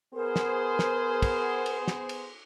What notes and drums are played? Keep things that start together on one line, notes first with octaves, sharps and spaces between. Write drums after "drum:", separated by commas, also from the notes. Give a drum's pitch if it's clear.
B3 G#4 A#4 C5
drum: snare
drum: snare
drum: kick, cymbal
drum: cymbal
drum: snare
drum: cymbal